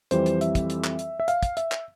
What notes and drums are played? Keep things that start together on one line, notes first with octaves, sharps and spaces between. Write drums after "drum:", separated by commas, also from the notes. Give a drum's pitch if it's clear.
F2 E3 G3 C4 C5, drum: hi-hat
drum: hi-hat
E5, drum: hi-hat
drum: kick, hi-hat
drum: hi-hat
drum: clap
drum: hi-hat
E5
F5, drum: hi-hat
drum: kick, hi-hat
E5, drum: hi-hat
drum: clap